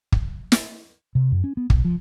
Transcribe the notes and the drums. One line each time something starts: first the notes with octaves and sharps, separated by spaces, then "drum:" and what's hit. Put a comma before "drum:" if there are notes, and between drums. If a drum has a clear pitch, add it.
drum: kick
drum: snare
C3
F#2
C#4
B3
B1, drum: kick
F3